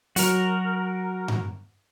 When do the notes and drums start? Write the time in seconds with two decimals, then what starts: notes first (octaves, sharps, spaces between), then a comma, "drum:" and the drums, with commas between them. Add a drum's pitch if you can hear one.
0.16 F#3 F#4 A#4, drum: open hi-hat
1.28 drum: tom G2